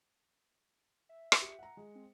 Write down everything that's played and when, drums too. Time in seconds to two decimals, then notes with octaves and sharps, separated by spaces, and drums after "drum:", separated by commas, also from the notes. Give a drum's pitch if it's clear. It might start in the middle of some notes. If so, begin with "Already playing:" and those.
1.09 E5
1.32 drum: rim click
1.42 G4 C#7
1.59 F#5 A#5
1.77 G#3
1.95 C4